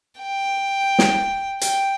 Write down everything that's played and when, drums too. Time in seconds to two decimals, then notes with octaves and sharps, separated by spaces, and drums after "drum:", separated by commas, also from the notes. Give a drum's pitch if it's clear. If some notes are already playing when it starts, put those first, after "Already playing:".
0.20 G5
0.99 drum: snare
1.61 G5, drum: hi-hat